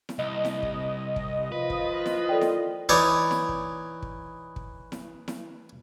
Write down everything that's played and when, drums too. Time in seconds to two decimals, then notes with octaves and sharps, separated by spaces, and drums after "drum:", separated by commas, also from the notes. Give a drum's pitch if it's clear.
0.09 drum: snare E4
0.19 C2 D#5
0.45 drum: snare E4
0.62 drum: kick
1.16 drum: kick
1.52 D#3 F3 F4 B4
1.70 drum: kick
2.06 drum: snare E4
2.29 A4 D5 G5
2.41 drum: snare E4
2.89 E3 D#4 C#5 D5
3.31 drum: snare E4
3.49 drum: kick
4.02 drum: kick
4.56 drum: kick
4.92 drum: snare E4
5.28 drum: snare E4